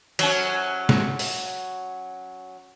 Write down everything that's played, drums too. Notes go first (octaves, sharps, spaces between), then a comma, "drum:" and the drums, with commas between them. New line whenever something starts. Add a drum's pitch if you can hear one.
F#3 C#4, drum: cymbal
drum: snare
drum: open hi-hat